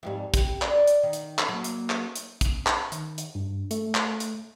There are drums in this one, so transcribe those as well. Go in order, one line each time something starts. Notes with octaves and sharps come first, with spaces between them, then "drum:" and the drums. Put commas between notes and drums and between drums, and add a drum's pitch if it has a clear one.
F2 G#2 G3
G4, drum: kick, hi-hat
D5, drum: clap
drum: hi-hat
D#3
drum: hi-hat
drum: clap
F#3 A#3
drum: hi-hat
drum: clap
drum: hi-hat
drum: kick, hi-hat
drum: clap
D#3, drum: hi-hat
drum: hi-hat
G2
A3, drum: hi-hat
drum: clap
drum: hi-hat